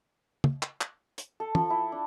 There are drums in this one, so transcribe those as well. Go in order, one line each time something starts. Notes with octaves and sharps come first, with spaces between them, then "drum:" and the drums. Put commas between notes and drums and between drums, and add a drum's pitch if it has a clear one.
drum: tom
drum: clap
drum: clap
drum: hi-hat
A4
F3, drum: tom
E4
D4